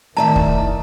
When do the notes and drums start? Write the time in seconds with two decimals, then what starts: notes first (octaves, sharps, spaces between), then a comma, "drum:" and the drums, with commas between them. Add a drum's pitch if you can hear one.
0.17 A2 D#3 D5 E5 A5 A#5
0.36 drum: kick